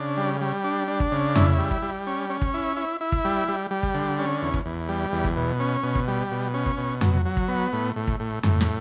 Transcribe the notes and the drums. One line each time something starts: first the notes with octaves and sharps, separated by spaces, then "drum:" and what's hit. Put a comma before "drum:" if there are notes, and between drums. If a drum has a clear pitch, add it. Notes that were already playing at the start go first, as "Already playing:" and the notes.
Already playing: C#3 D4
G3
G3
D4
D4
drum: kick
C#3
E4, drum: tom F2
G3
drum: kick
G3
C#4
C#4
drum: kick
E4
E4
E4
drum: kick
G3
G3
G3
drum: kick
D3
C#4
E2
drum: kick
E2
G3
E2
drum: kick
B2
C#4
B2
drum: kick
G3
B2
C#4
drum: kick
B2
F#3, drum: tom F2
F#3
drum: kick
B3
A2
A2
drum: kick
A2
A2, drum: tom F2
drum: snare